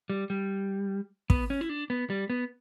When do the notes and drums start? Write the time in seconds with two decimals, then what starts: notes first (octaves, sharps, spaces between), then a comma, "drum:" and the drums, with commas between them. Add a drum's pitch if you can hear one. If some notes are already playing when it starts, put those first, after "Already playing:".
0.10 G3
0.30 G3
1.30 B3, drum: kick
1.50 C#4
1.61 E4
1.69 D4
1.90 B3
2.10 G3
2.30 B3